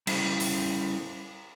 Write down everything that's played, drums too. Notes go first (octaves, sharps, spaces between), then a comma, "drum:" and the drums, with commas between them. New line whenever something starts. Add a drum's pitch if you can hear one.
G3 C#4 E4 A4 C5, drum: cymbal
drum: open hi-hat